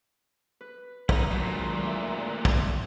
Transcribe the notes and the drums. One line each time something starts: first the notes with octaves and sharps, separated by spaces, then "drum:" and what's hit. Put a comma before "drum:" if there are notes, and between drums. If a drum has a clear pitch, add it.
B4
D#4 E4, drum: kick
D2 A#2 F#3
D#3 G#3
E4 E5
drum: kick